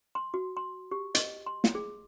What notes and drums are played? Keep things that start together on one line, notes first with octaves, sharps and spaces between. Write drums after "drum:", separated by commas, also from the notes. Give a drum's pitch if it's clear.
C6
F#4
C6
G4
D#5, drum: hi-hat
C6
drum: snare
G#4